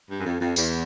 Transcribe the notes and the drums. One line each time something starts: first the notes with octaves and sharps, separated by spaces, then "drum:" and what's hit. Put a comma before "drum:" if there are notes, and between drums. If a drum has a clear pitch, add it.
G2
F#2
F2
F2
E2, drum: tambourine